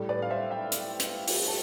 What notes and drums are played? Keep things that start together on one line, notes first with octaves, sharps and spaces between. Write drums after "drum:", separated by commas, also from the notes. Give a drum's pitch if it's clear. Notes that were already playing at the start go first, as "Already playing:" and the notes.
Already playing: A2 G3
B4 D5
F5
C5 E5
E5 G5
drum: hi-hat
drum: hi-hat
drum: open hi-hat
A5